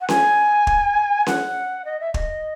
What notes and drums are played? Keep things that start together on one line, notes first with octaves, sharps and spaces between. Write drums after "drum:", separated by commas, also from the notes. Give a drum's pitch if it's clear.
F#5
G#5, drum: snare C#4
drum: kick
F#5, drum: snare C#4
D#5
E5
D#5, drum: kick